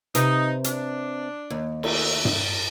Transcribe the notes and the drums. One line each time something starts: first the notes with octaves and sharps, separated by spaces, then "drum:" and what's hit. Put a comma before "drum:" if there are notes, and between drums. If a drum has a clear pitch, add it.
C3 D#4 G4 B4, drum: hi-hat
D4, drum: hi-hat
D#2
A3, drum: cymbal
drum: tom G2